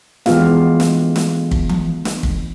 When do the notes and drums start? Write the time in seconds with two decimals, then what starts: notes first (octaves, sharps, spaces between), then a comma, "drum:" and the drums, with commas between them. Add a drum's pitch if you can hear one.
0.26 E3 G#3 B3 F4 G4 F5, drum: snare
0.80 drum: snare
1.16 drum: snare
1.51 drum: kick
1.69 drum: tom E3
2.05 drum: snare
2.23 drum: kick